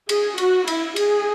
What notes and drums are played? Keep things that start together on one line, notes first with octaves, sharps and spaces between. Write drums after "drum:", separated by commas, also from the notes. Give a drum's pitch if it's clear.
G#4, drum: cymbal
F#4, drum: cymbal
E4, drum: cymbal
G#4, drum: cymbal